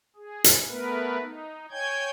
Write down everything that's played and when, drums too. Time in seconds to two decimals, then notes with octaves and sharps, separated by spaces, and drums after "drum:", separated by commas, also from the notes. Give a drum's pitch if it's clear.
0.16 G#4
0.44 drum: hi-hat
0.68 A3 B3 A#4 B4
1.20 D#4
1.71 C#5 G5 G#5 G6 G#6